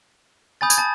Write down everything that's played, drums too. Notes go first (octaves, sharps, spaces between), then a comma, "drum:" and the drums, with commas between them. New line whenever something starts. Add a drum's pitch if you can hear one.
G#5 B5 D#6 G6 A6
G#6, drum: tambourine
A5 A6